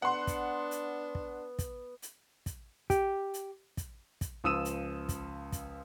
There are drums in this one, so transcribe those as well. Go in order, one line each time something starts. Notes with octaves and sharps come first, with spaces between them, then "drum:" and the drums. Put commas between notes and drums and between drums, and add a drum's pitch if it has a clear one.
B3 D4 F#5 C6
drum: kick, hi-hat
drum: hi-hat
drum: kick
drum: kick, hi-hat
drum: hi-hat
drum: kick, hi-hat
G4, drum: kick, hi-hat
drum: hi-hat
drum: kick, hi-hat
drum: kick, hi-hat
C#2 F3 D#6 E6 D#7 E7
drum: hi-hat
drum: kick, hi-hat
drum: kick, hi-hat